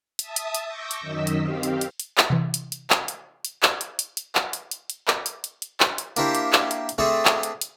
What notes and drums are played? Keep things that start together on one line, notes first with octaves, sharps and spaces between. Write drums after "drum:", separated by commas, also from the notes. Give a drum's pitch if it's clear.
E5 A5 D#6, drum: hi-hat
drum: hi-hat
drum: hi-hat
C#6 D6 E6 G6 A#6
drum: hi-hat
F#2 D#3 D#5 E6 B6
drum: hi-hat
D#3 C4 G4 F5
drum: hi-hat
drum: hi-hat
drum: hi-hat
drum: clap
C3 E3
drum: hi-hat
drum: hi-hat
drum: clap
drum: hi-hat
drum: hi-hat
drum: clap
drum: hi-hat
drum: hi-hat
drum: hi-hat
drum: clap
drum: hi-hat
drum: hi-hat
drum: hi-hat
drum: clap
drum: hi-hat
drum: hi-hat
drum: hi-hat
drum: clap
drum: hi-hat
A#3 D4 E4 G4 C5, drum: hi-hat
drum: hi-hat
drum: clap
drum: hi-hat
drum: hi-hat
A3 C4 D4 G#4 A4
drum: clap
drum: hi-hat
drum: hi-hat